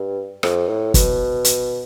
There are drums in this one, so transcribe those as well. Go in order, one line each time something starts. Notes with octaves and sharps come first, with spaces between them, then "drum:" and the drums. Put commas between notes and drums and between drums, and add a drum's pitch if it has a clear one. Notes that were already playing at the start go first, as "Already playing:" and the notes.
Already playing: G2
F2, drum: rim click
A2
B2, drum: kick, hi-hat
drum: hi-hat